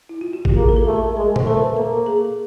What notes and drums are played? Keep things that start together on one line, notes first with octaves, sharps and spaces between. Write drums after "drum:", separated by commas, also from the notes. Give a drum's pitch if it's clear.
E4
F4
F#4
G4, drum: kick A1
A#3 G#4
A#4
A4
A3
A#4
G#3 A#4
C5, drum: tom A#2
A3 A#4
B4
A#3 A4
G#4